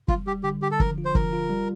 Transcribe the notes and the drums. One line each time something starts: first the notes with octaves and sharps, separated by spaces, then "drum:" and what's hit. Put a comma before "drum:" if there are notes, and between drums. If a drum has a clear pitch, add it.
G3 F4, drum: kick
G3 G4
D3 G4
D3 G4
A4
F3 A#4, drum: kick
F4
C5
F3 A#4, drum: kick
F4
G3